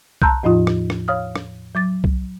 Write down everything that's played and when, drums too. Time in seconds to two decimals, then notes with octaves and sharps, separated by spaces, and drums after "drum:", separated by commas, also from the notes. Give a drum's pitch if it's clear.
0.22 A5 A#5 C6 E6 F#6 G6, drum: kick C2
0.43 E2 A2 F3 D#4 F4
0.67 drum: rim click
0.90 drum: rim click
1.08 C#5 F5 D#6 F6
1.36 drum: rim click
1.75 F#3 D6 A6
2.04 drum: kick C2